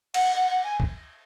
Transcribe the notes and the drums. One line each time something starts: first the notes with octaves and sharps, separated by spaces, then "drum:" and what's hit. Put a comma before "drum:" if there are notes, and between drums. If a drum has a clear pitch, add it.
F#5, drum: cymbal
F#5
F#5
G#5
drum: kick